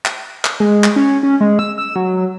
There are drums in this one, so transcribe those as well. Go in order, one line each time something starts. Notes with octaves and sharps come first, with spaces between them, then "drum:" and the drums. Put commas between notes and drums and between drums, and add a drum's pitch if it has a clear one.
drum: clap
drum: clap
G#3
drum: clap
C#4
C#4
G#3
E6
E6
F#3